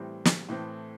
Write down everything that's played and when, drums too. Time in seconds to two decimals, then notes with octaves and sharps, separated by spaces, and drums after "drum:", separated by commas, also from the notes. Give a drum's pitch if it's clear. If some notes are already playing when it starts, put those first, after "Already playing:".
Already playing: A2 E3 G3 C4
0.25 drum: snare
0.49 A2 E3 A3 C4